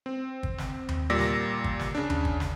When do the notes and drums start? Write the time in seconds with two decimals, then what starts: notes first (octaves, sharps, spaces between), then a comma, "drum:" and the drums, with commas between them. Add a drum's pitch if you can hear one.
0.06 C4
0.43 drum: kick
0.58 drum: snare
0.89 drum: tom D#2
1.10 A#2 G3 D5 E6 A#6 B6
1.19 drum: snare
1.64 drum: kick
1.79 drum: snare
1.95 C#3 D4
2.10 drum: tom D#2
2.25 drum: kick
2.40 drum: snare